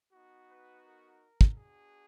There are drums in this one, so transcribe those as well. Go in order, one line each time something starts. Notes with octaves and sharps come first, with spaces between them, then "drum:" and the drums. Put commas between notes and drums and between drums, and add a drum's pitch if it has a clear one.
B3 D#4 F#4
B4
A#4
drum: kick
B3 D4 F#4 G#4